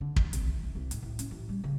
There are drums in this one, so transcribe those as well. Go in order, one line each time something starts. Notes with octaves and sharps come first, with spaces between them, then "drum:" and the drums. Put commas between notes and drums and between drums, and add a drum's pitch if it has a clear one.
D3
B1, drum: kick
C2, drum: hi-hat
E3
C2
C2
G#2, drum: hi-hat
A2
C#4, drum: hi-hat
A1
G3
C#3